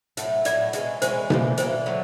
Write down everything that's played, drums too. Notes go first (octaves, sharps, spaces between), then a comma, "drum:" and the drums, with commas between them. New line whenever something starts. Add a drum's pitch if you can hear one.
A2 F#3 A3, drum: hi-hat
A2 F#3 A3 D5, drum: hi-hat
E3 G#3 C#4, drum: hi-hat
E3 G#3 C#4 C5, drum: hi-hat
E3 G3 A#3, drum: tom B2
E3 G3 C5, drum: hi-hat
A#3
D3 F#3 A3